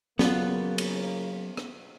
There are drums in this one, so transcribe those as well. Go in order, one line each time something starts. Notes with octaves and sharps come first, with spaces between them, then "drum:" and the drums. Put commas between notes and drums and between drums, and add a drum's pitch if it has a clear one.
C#3 F#3 A#3 B3 F4, drum: snare
drum: cymbal
drum: rim click